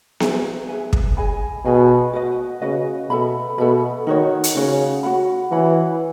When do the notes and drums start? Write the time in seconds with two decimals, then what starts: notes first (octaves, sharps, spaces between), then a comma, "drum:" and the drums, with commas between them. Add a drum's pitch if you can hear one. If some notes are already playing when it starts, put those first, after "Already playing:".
0.20 G#4 B4 E5 G#5, drum: snare B3
0.69 G#4 B4 E5 G#5
0.93 drum: kick
1.17 G#4 D#5 G#5 B5
1.65 B2 G#4 D#5 G#5 B5
2.13 F#4 B4 D#5
2.62 C#3 F#4 B4 D#5
3.10 B2 A4 E5 B5
3.58 B2 A4 E5 B5
4.07 D#3 D#4 F#4 C#5
4.44 drum: hi-hat
4.55 C#3 D#4 F#4 C#5
5.03 F#4 C#5 F#5 B5
5.52 E3 F#4 C#5 F#5 B5